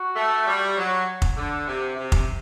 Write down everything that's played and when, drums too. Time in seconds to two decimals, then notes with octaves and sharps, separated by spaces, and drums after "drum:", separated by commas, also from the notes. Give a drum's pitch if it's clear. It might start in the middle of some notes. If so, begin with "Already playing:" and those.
Already playing: F#4
0.16 A3
0.47 G3
0.77 F#3
1.22 drum: kick F1
1.37 D3
1.67 C3
1.97 C3
2.12 drum: kick F1